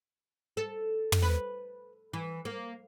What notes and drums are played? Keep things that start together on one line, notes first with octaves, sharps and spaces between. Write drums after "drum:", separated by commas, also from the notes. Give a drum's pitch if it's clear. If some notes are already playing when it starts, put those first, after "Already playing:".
A4
drum: tom
B4
E3
A#3